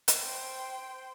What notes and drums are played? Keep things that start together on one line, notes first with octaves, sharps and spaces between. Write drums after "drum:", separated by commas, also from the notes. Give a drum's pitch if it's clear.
drum: hi-hat
C5 G5